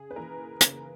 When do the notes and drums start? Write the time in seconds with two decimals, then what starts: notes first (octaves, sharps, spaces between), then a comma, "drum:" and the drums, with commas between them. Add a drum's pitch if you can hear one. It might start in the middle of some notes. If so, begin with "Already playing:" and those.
Already playing: C#3 G#4
0.11 B4
0.16 E3 A#3 E4 A#4
0.61 C#3, drum: hi-hat